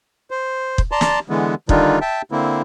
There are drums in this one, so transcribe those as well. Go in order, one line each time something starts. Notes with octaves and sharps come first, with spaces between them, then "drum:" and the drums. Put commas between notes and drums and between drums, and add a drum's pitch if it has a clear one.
C5
drum: kick
D5 A5 A#5 C6
drum: snare
D3 E3 G#3 B3
D3 D#3 G3 D4 D#4 F4, drum: kick
E5 G5 A5
D3 A#3 C4 E4